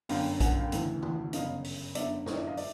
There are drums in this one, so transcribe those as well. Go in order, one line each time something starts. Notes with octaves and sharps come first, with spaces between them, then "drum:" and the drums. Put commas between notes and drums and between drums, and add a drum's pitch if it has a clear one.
G1 F#2 D3 F5 G5, drum: open hi-hat
F#5 G#5, drum: kick A#1, hi-hat
F5 G5
D2 C#3 E3, drum: hi-hat
drum: tom
G1 F#2 C#3 D#5 F5, drum: hi-hat
drum: open hi-hat
G1 F#2 D3 D5 E5, drum: hi-hat
C#5 D#5, drum: snare
D5 E5
D#5 F5
D5 E5, drum: open hi-hat